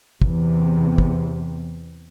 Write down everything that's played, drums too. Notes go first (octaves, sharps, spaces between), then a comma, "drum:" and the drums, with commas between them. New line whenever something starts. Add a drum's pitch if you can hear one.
E2 C3, drum: kick
drum: kick